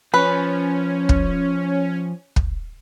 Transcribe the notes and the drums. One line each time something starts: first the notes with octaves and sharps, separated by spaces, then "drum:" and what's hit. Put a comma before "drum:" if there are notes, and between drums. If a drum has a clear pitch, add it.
F3 C#4 B4
drum: kick
drum: kick